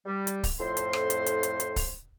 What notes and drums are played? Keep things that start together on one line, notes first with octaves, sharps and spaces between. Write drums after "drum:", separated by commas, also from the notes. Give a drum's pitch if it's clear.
G3
drum: hi-hat
drum: kick C#1, open hi-hat
F2 A2 C5 C6
drum: hi-hat
drum: rim click
drum: hi-hat
drum: hi-hat
drum: hi-hat
drum: hi-hat
drum: kick C#1, open hi-hat